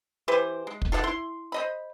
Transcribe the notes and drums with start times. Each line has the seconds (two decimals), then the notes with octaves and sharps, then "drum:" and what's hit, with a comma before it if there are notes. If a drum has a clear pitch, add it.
0.28 E3 G4 B4 C5
0.67 G#3
0.82 drum: kick
0.92 F4 A4 D5 F#5
1.04 E4 C6
1.52 C5 D#5 B5